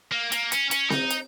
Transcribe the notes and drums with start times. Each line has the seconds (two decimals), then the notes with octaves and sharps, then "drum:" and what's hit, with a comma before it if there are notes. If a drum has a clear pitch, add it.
0.12 A#3
0.32 A#3, drum: hi-hat
0.52 C#4, drum: hi-hat
0.71 C#4, drum: hi-hat
0.90 D#4, drum: snare C4
1.10 drum: hi-hat